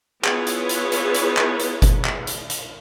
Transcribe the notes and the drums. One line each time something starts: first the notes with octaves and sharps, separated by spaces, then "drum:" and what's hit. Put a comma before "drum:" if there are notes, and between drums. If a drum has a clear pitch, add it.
B3 E4 F4 G#4 B4 C#5, drum: clap
drum: hi-hat
drum: hi-hat
drum: hi-hat
drum: hi-hat
drum: clap
drum: hi-hat
drum: kick F#1, hi-hat
drum: clap
drum: hi-hat
drum: hi-hat